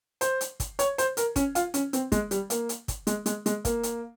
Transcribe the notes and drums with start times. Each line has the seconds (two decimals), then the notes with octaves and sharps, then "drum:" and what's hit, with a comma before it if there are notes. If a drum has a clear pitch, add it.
0.21 C5, drum: hi-hat
0.41 drum: hi-hat
0.60 drum: kick, hi-hat
0.79 C#5, drum: hi-hat
0.98 C5, drum: hi-hat
1.17 A#4, drum: hi-hat
1.36 C#4, drum: kick, hi-hat
1.55 F4, drum: hi-hat
1.74 C#4, drum: hi-hat
1.93 C4, drum: hi-hat
2.12 G#3, drum: kick, hi-hat
2.31 G3, drum: hi-hat
2.50 A#3, drum: hi-hat
2.69 drum: hi-hat
2.88 drum: kick, hi-hat
3.07 G#3, drum: hi-hat
3.26 G#3, drum: hi-hat
3.46 G#3, drum: hi-hat
3.65 A#3, drum: kick, hi-hat
3.83 drum: hi-hat